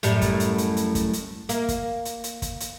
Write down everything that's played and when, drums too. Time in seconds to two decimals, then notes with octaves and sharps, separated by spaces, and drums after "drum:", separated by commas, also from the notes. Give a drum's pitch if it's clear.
0.03 F#2 A2 G3, drum: hi-hat
0.21 drum: kick, hi-hat
0.40 drum: hi-hat
0.58 drum: hi-hat
0.77 drum: hi-hat
0.95 drum: kick, hi-hat
1.13 drum: hi-hat
1.49 A#3, drum: hi-hat
1.68 drum: kick, hi-hat
2.05 drum: hi-hat
2.24 drum: hi-hat
2.42 drum: kick, hi-hat
2.60 drum: hi-hat